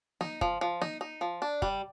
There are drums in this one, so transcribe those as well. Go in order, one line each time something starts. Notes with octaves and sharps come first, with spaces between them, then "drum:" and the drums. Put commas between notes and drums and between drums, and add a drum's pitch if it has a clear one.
D#4, drum: snare
F3, drum: kick
F3
D#4, drum: snare
D#4
F3
D4
G3, drum: kick